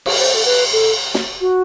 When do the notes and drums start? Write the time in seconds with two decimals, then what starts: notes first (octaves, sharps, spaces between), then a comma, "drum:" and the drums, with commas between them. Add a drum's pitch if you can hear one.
0.06 drum: cymbal
0.18 C5
0.34 A4
0.45 B4
0.72 A4
1.14 drum: snare
1.41 F#4